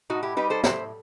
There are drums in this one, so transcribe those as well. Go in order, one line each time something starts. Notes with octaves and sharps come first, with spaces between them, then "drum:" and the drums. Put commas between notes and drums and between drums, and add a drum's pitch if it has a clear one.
A2 D#4 F#4
E4 G4
G3 D#4 G4 B4
A4 C5
A2 C5 E5, drum: snare